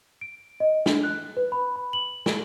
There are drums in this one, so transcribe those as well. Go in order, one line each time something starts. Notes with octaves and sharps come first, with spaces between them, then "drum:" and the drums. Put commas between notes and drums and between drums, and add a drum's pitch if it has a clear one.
D7
D#5
D4, drum: snare
F#6
B4
B5
B5
F#7
drum: snare